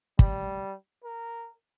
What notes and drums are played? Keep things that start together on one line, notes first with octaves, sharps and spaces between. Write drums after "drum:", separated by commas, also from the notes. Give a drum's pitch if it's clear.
G3, drum: kick
A#4